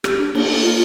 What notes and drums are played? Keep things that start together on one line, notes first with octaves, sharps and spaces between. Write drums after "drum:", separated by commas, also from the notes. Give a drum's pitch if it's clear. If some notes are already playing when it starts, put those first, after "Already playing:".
G4, drum: rim click
D4
A#3, drum: cymbal
F4